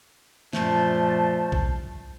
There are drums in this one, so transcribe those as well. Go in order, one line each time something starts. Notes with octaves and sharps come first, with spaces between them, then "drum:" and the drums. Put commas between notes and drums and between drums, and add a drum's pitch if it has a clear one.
F#2 A#2 F3 A3 C5 A5, drum: snare
drum: kick